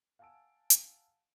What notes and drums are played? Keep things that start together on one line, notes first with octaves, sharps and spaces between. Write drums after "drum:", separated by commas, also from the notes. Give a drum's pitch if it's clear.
F5 F#5 G#5 A5 E6 D7
drum: hi-hat